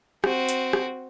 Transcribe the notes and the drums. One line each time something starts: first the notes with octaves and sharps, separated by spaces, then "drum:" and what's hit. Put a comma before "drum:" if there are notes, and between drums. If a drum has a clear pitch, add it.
C4 F#4, drum: rim click
drum: hi-hat
drum: rim click